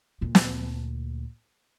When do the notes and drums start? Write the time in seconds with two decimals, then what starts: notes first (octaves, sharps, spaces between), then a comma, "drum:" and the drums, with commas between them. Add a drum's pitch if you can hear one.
0.21 D2 A#2
0.35 drum: snare